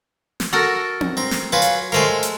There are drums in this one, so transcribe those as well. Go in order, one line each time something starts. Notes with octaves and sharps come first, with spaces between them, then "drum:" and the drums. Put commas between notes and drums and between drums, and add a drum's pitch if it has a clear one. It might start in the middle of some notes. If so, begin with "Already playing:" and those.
drum: snare
F#4 A4 A#4
drum: tom C4
C4 A#5
drum: snare
F#3 F4 B4 G#5
drum: hi-hat
G#3 A3 A#4 C5 F5 G#5
drum: hi-hat